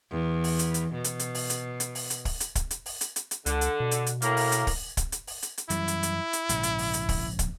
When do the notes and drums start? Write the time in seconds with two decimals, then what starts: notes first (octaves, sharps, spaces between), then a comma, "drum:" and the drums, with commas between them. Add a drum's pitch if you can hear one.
0.11 E2
0.44 drum: open hi-hat
0.59 drum: hi-hat
0.74 drum: hi-hat
0.94 B2
1.04 drum: hi-hat
1.19 drum: hi-hat
1.35 drum: open hi-hat
1.50 drum: hi-hat
1.80 drum: hi-hat
1.95 drum: open hi-hat
2.10 drum: hi-hat
2.25 drum: kick, open hi-hat
2.40 drum: hi-hat
2.55 drum: kick, hi-hat
2.71 drum: hi-hat
2.86 drum: open hi-hat
3.01 drum: hi-hat
3.16 drum: hi-hat
3.31 drum: hi-hat
3.46 C#2 D3, drum: hi-hat
3.61 drum: hi-hat
3.80 B2
3.91 drum: hi-hat
4.06 drum: hi-hat
4.22 A2 A#3 A#5, drum: hi-hat
4.37 drum: open hi-hat
4.52 drum: hi-hat
4.67 drum: kick, open hi-hat
4.97 drum: kick, hi-hat
5.12 drum: hi-hat
5.27 drum: open hi-hat
5.42 drum: hi-hat
5.58 drum: hi-hat
5.70 F#2 E3 G3 E4, drum: hi-hat
5.88 drum: hi-hat
6.03 drum: hi-hat
6.33 drum: hi-hat
6.49 A#1 G#2 C#3, drum: hi-hat
6.63 drum: hi-hat
6.78 drum: open hi-hat
6.93 drum: hi-hat
7.09 drum: kick, open hi-hat
7.39 drum: kick, hi-hat